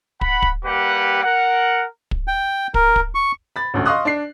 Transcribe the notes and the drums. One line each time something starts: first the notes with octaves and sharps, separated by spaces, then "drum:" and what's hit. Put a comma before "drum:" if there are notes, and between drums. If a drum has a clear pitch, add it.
F#5 B5, drum: kick
drum: kick
G3 A#3 G4 B4 F#5
A#4 F#5
drum: kick
G5
A#4, drum: kick
drum: kick
C#6
B5 A6
A1 D2
D#5 F5 C6 C#6 D#6 F#6
D4 C7